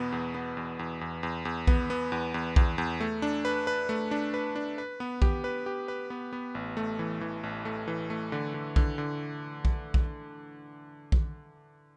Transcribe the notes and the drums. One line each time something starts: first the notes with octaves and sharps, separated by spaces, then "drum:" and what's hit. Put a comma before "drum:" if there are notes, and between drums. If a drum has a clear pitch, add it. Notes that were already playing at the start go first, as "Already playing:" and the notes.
Already playing: E2 B2 B3
E2
B3
E2
E2
E2
E2
E2
B3, drum: kick A#1
B3
E2
E2
E2, drum: kick A#1
E2
A3
D4
B4
B4
A3
D4
B4
D4
B4
B3
G4, drum: kick A#1
B4
G4
B4
B3
B3
A1
A3
E3
E3
A1
A3
E3
A3
D3
D3
D3, drum: kick A#1
D3
drum: kick A#1
drum: kick A#1
drum: kick A#1